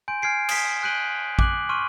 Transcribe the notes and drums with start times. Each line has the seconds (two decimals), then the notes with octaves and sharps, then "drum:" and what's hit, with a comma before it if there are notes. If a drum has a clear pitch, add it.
0.08 G#5 C6 G6 D7
0.22 G#5 F6 G#6 C7 D7
0.49 D#6 F6 B6 C7, drum: cymbal
0.83 F#6 G6 D7 D#7 F#7 G7
1.39 D6 F#6 F#7, drum: kick
1.69 C6 C#6 F6 D#7